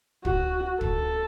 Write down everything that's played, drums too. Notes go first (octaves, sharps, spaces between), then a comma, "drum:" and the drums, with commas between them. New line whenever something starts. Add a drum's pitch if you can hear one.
F#4, drum: kick
A4, drum: kick